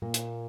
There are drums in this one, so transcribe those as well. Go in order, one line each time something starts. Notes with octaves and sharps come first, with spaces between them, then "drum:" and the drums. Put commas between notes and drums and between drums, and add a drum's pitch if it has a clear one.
A#2 A#3
drum: hi-hat